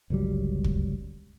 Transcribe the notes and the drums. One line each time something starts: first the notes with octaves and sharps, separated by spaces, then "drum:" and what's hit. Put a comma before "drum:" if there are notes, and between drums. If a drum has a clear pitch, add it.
G1 C#2 F#3 G3
drum: kick